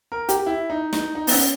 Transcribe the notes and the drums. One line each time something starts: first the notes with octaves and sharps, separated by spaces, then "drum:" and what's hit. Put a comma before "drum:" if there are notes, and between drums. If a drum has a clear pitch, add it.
A#4
G4, drum: hi-hat
E4
D#4
D#4, drum: snare
D#4
B3, drum: open hi-hat
C#4